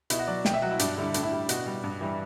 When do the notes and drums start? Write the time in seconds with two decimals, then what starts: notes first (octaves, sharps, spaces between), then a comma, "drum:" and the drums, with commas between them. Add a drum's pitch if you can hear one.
0.10 B2 E4, drum: hi-hat
0.19 F#4
0.27 F#3 D5
0.45 B2 G5, drum: snare
0.54 E5
0.62 F#3 F#4
0.71 E4
0.79 G2 D4, drum: hi-hat
0.97 D3 G3 E4
1.14 A2 D4, drum: hi-hat
1.23 E4
1.32 G3
1.49 B2 F#4, drum: hi-hat
1.67 G3
1.84 G2
2.01 E3 G3